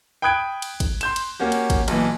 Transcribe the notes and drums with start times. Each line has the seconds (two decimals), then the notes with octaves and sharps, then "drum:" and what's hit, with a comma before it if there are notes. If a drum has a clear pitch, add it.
0.22 G5 B5 D#6 F#6 G#6 D7
0.62 drum: cymbal
0.80 drum: kick G#1, cymbal
1.01 C6 G6 E7, drum: cymbal
1.16 drum: cymbal
1.40 A#3 C#4 F#4 G4
1.52 drum: cymbal
1.70 drum: kick G#1, cymbal
1.88 B1 A#2 E3, drum: cymbal